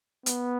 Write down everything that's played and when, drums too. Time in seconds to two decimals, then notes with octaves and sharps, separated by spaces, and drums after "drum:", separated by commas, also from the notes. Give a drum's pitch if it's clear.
0.26 B3, drum: hi-hat